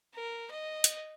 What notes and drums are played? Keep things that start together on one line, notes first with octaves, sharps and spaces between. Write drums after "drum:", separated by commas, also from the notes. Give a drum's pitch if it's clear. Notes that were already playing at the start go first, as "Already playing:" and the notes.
A#4
D#5
drum: hi-hat